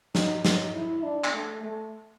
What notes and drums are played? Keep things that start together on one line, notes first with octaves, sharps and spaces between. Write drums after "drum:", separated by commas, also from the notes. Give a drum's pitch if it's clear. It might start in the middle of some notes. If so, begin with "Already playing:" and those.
D#4, drum: snare
D#4, drum: snare
E4
D4
drum: clap
A3
A3